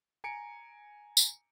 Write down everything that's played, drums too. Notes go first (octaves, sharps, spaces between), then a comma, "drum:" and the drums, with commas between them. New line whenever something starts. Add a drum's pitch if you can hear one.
G#5 A#5 C#7 D7
drum: tambourine